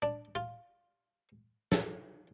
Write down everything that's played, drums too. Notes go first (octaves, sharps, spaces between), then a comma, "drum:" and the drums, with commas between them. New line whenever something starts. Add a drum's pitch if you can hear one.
D4
F4
A4, drum: snare